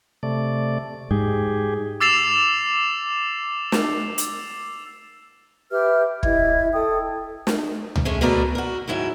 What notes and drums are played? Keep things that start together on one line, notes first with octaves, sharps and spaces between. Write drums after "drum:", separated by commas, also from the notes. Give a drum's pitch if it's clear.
C3 A3 D5
G#2 G4 G#4
D6 E6 A6 C7 E7 F7
drum: snare
drum: hi-hat
G4 B4 E5 F6
E4 D#5 E5 G#6, drum: kick
A4 G5 D#6
drum: snare
drum: tom C#2
G#3 A3 C#4 G#4
B2 D3 A3 A#4 B4 D5
F#4 A#4
G#2 D#3 F#3 E4